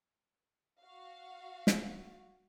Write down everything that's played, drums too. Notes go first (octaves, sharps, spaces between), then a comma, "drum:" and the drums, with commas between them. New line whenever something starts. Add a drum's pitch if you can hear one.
F#4 F5
drum: snare